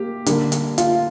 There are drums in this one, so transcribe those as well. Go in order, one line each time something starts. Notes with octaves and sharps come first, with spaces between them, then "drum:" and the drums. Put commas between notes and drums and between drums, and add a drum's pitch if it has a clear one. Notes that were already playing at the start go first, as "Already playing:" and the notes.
Already playing: A#3 G4
D3 G3 A#3, drum: hi-hat
drum: hi-hat
F4, drum: hi-hat